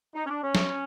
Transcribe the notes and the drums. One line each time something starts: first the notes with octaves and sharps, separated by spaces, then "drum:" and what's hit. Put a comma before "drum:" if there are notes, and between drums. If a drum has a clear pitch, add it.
D#4
C#4
D4
C#4
drum: snare